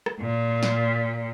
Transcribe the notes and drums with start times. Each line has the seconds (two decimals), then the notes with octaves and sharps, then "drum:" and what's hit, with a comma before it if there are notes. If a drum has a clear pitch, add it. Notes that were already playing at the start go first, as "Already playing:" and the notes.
0.06 drum: rim click
0.20 A#2
0.63 drum: snare